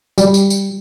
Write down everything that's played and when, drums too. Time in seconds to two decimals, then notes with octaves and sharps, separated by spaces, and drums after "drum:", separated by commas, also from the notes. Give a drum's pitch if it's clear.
0.18 G3, drum: tambourine
0.34 drum: tambourine
0.50 drum: tambourine